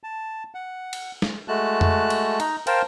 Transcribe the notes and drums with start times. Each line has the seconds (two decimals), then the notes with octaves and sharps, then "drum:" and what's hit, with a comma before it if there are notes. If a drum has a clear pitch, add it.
0.03 A5
0.55 F#5
0.93 drum: cymbal
1.22 drum: snare
1.48 G#3 A3 F#4 A5 F#6
1.81 drum: tom F2
2.10 drum: cymbal
2.40 D#4 A#5, drum: cymbal
2.67 A#4 C5 F5 G5 A5, drum: cymbal